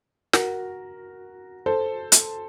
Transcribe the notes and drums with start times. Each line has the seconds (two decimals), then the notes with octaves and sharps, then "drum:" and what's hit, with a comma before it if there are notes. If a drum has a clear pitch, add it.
0.33 F#4 A#4, drum: snare
1.66 A4 C5
2.12 drum: hi-hat